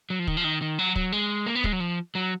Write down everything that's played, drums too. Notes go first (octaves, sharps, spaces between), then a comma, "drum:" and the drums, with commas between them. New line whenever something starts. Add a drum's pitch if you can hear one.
F#3
F3
D#3, drum: kick
F3
D#3
D#3
F#3
F#3, drum: kick
G#3
A#3
B3
G#3, drum: kick
F#3
F3
F#3